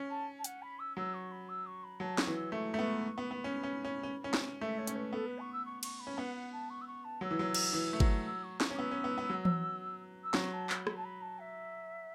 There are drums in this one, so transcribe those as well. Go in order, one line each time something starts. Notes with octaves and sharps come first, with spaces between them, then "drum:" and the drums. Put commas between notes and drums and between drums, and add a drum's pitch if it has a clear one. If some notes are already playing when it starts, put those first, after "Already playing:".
Already playing: C#4
A5
A5
F#5, drum: hi-hat
B5
E6
F#3 E6
C#6
B5
E6
C#6
B5
F#3 A5
C#6, drum: snare
E3
E6
A3 C#6
A3
B3
B3
B3
C#4
B5
C#4
C#4
C#4
C#4
drum: snare
A3 E5
C#5
C#4, drum: hi-hat
B4
B3 A4
B4
C#6
E6
C#6
C#6, drum: cymbal
B5
C#4
B3 F#5
F#5
A5
C#6
E6
C#6
A5
F#3 E6
E3
F#3
drum: cymbal
E3
A3
F#3, drum: kick G1
E6
C#6
C#6, drum: snare
C#4
B3 E6
C#4
B3
B3
F#3
drum: tom E3
E6
F#3 C#6, drum: snare
A5
B5, drum: clap
B5, drum: rim click
A5
B5
A5
E5